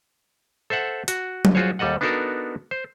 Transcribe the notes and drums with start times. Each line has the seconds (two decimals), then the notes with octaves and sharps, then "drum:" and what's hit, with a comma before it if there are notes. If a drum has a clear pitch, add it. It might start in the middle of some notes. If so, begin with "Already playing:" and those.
0.70 A4 C5 E5 F#5
1.08 F#4, drum: hi-hat
1.45 drum: tom F#3
1.55 F4 F#4 G#4 C5 C#5
1.79 D#2 G3 A4 D#5 F#5
2.01 B3 D4 D#4 F#4 A4 A#4
2.71 C5